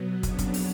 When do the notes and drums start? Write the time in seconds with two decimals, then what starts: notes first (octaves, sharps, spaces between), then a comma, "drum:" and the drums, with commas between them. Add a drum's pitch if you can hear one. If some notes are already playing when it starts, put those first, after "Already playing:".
Already playing: B2 F#3 B3
0.23 F2 C#3 F#3 B3 D4, drum: kick, hi-hat
0.39 drum: kick, hi-hat
0.54 drum: open hi-hat